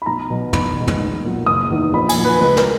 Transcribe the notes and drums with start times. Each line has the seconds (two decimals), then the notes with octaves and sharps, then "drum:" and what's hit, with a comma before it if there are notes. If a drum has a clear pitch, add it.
0.02 B5
0.06 B1 A#5
0.30 B2 F#3
0.53 B1 B5, drum: tom
0.76 B2 G#3
0.87 drum: tom
1.00 B1
1.24 A#2 F#3
1.46 F#1 D#6
1.71 E2 D#3
1.93 A#1 B5
2.09 G#5, drum: cymbal
2.17 A#2 F#3
2.25 B4
2.41 C#2 B4
2.57 A#4, drum: snare